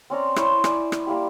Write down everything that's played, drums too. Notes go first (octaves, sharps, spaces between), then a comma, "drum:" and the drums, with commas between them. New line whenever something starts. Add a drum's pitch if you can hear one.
C4 C#4 D5 A#5
E4 C5 C#5, drum: rim click
D5 G#5, drum: rim click
drum: rim click
G3 A#3 E4 G4